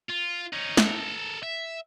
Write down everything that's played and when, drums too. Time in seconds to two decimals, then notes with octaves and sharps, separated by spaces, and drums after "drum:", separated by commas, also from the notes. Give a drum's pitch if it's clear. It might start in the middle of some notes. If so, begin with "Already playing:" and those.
0.09 F4
0.53 C#4 D#4
0.77 A4 A#4, drum: snare
1.43 E5